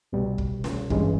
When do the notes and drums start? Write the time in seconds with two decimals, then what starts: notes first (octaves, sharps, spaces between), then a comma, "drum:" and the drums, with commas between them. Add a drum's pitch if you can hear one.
0.13 C2 B2 G3
0.38 drum: kick
0.64 drum: snare
0.90 G2 E3 G#3 C#4, drum: kick